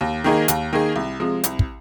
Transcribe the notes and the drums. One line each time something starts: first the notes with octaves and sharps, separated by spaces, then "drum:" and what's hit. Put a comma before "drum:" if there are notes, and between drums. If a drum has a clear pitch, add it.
D#2
D#3 A#3 D#4 G#4
D#2, drum: hi-hat
D#3 A#3 D#4 G#4
C2
C3 F3 G#3
C2, drum: hi-hat
drum: kick